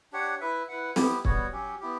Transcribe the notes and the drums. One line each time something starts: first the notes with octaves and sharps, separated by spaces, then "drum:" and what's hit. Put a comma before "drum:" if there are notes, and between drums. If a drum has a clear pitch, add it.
D4 G4 C#5 F#5
E4 B4 E5
E4 B4 F#5
B3 E4 G4, drum: snare
G3 B3 F#4 C#5, drum: kick
F#3 C#4 G4
B3 E4 G4